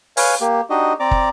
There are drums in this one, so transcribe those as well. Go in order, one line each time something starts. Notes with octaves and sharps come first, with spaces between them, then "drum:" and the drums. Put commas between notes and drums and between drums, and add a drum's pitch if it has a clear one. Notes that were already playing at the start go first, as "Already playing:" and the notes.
B4 C#5 F5 G#5, drum: open hi-hat
A#3 G4
D4 D#4 F#4 G4 D#5
C4 D5 A#5 D6
drum: kick